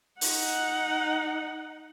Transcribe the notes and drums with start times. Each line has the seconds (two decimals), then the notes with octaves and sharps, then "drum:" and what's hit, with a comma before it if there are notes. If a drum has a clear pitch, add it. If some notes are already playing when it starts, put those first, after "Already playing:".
0.21 D#4 F#5, drum: open hi-hat